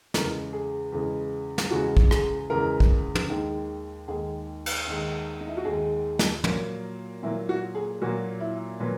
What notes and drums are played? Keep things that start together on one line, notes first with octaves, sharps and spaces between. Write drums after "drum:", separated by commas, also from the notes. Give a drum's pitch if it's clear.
E2 C#3 G#3 A#4, drum: snare
G#4
E2 C#3 G#3
drum: snare
E2 C#3 G#3 F#4
drum: kick
G#4, drum: rim click
E2 C#3 G#3 A#4
drum: kick
drum: tom
D#2 D#3 G#3
D#2 D#3 G#3 G#4
drum: cymbal
D#2 D#3 G#3
D#4
E4
F#4
D#2 D#3 G#3 G#4
drum: snare
A#2 F#3 A#3, drum: tom
A#2 F#3 A#3 E4
F#4
G#4
A#2 F#3 A#3 F#4
E4
A#2 F#3 A#3 B4